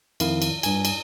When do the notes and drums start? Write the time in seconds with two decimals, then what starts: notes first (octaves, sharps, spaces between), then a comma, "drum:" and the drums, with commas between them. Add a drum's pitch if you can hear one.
0.20 F2 D#3 E4 F5, drum: cymbal
0.42 drum: cymbal
0.63 G2 G#5, drum: cymbal
0.85 drum: cymbal